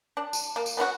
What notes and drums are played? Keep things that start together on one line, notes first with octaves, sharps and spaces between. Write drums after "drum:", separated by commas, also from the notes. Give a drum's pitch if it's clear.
D4
drum: tambourine
A#3
drum: tambourine
B3 C#4 E4 F#4